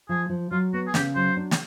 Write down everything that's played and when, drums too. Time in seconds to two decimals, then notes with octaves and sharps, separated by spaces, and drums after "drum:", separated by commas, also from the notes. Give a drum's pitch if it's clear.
0.09 F3 G#4
0.29 F3
0.51 F#3 F4
0.73 B3 F#4
0.87 G#4
0.94 C#3 G4, drum: snare
1.15 F#3 C5
1.37 D4
1.51 drum: snare